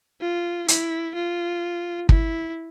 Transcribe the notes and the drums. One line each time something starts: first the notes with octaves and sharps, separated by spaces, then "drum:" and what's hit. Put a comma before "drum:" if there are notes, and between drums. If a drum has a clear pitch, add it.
F4
E4, drum: hi-hat
F4
E4, drum: kick